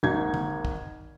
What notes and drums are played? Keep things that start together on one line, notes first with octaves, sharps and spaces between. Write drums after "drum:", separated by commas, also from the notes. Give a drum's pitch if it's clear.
G#1 D#2 D#4 F#5 G#6
drum: tom D3
drum: kick